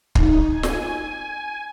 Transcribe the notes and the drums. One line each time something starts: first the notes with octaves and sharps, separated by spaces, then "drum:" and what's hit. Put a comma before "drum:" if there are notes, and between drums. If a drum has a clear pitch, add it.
D#4, drum: kick
G#5
drum: snare